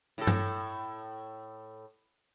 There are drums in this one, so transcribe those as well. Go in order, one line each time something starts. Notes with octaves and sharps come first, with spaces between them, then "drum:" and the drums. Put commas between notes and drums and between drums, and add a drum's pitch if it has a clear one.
A2 A4
drum: tom G2